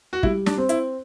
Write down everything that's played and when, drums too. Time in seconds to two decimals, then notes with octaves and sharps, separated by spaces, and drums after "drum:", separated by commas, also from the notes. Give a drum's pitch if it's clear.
0.13 F#4
0.23 G3 E4, drum: kick
0.46 D4, drum: snare
0.58 C4
0.69 E4, drum: hi-hat